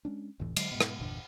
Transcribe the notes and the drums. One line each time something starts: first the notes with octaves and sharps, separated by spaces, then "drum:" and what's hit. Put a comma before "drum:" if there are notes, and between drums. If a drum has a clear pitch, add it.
G#3 C#4 D4
F1 C#2 A2 E3
D3 F#3 G#3, drum: cymbal
G#2 B2
drum: rim click
G1 E2 A#2 D3